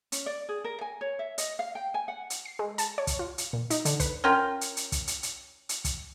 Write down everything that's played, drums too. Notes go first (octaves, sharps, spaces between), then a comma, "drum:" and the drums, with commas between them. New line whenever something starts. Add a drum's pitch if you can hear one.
C#4, drum: hi-hat
D5
G#4
A#4
G#5
C#5
E5
D#5, drum: hi-hat
F5
G5
G#5
F#5
drum: hi-hat
C7
G#3
A5, drum: hi-hat
C#5
drum: kick, hi-hat
F4
drum: hi-hat
A#2
D#4, drum: hi-hat
D3, drum: hi-hat
B4, drum: kick, hi-hat
C#4 F4 A#4 G5
drum: hi-hat
drum: hi-hat
drum: kick, hi-hat
drum: hi-hat
drum: hi-hat
drum: hi-hat
drum: kick, hi-hat